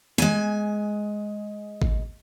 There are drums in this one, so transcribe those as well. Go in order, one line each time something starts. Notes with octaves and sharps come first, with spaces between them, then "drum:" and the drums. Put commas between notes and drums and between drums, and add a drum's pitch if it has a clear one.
G#3 G#5, drum: snare
drum: kick G#1